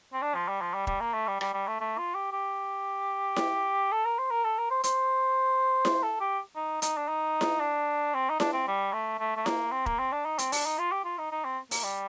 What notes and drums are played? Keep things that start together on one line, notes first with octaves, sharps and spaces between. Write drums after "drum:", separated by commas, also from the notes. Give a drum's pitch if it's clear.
C4
D4
F3
G3
F3
G3
G3, drum: kick E1
A#3
A3
G3
G3, drum: rim click
G3
A3
A3
F4
G4
G4
drum: snare E4
A4
A#4
C5
A#4
A4
A#4
C5
C5, drum: hi-hat
drum: snare E4
A4
G4
D#4
D#4, drum: hi-hat
D4
D#4
drum: snare E4
D4
C4
D#4
D4, drum: snare E4
C4
G3
A3
A3
A3
A#3, drum: snare E4
C4
A#3, drum: kick E1
C4
D4
D#4
C4, drum: hi-hat
D4, drum: open hi-hat
D#4
F4
G4
F4
D#4
D#4
C4
A#3, drum: open hi-hat
G3